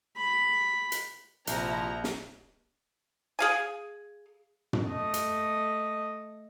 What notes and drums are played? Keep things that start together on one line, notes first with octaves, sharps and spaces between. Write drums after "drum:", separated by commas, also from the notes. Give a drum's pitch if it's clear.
B5
drum: hi-hat
A#1 C3 F3 E4 A#5, drum: hi-hat
drum: snare
G#4 F5 G#5
drum: tom
A3 D#5
drum: hi-hat